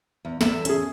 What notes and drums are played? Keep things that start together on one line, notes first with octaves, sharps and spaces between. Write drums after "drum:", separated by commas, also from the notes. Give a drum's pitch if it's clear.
E2
E2 A4 E5, drum: snare
C#4 G#4, drum: hi-hat